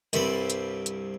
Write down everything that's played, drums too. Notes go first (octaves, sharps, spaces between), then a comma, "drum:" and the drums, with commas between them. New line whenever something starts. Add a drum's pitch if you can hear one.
C2 G2 G3 C4 D5 B5, drum: hi-hat
drum: hi-hat
drum: hi-hat